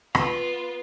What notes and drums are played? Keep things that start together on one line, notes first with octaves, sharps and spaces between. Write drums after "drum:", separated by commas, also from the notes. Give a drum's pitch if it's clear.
B3 F4, drum: rim click